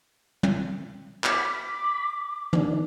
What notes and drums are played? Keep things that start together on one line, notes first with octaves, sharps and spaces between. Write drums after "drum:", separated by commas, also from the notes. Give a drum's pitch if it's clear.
drum: tom
B5 D6, drum: clap
D#3 D4, drum: tom